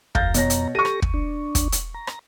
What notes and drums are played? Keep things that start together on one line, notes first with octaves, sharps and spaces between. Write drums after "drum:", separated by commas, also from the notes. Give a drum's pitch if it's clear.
F2 F5 A#5 G6 A6, drum: kick
B2 C#5 A#6, drum: hi-hat
drum: hi-hat
G4 A4 C#6 A#6 D#7
drum: rim click
drum: kick
D4
drum: kick, hi-hat
drum: hi-hat
A#5
drum: rim click